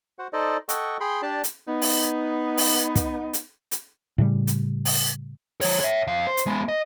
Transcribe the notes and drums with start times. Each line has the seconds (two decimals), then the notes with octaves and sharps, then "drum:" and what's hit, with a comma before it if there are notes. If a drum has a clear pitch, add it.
0.19 F#4 C5 F#5
0.33 D#4 A4 C5 D5 D#5
0.69 A4 D#5 F#5 G5 C#6, drum: hi-hat
1.00 G#4 G5 B5 C6
1.22 D4 G4 D5 A5
1.44 drum: hi-hat
1.68 B3 D#4
1.82 drum: open hi-hat
2.58 drum: open hi-hat
2.95 drum: kick, hi-hat
3.33 drum: hi-hat
3.71 drum: hi-hat
4.18 A2 C#3 G3
4.47 drum: hi-hat
4.85 drum: open hi-hat
5.61 F3 C#5, drum: open hi-hat
5.80 C#5 E5
6.07 F2 F5
6.27 C5
6.37 drum: hi-hat
6.47 G#3 B3
6.68 D#5